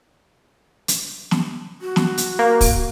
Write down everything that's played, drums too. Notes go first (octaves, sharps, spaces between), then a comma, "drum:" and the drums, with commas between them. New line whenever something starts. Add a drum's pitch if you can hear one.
drum: hi-hat
drum: snare
F#4
drum: snare
drum: hi-hat
A#3
drum: kick, open hi-hat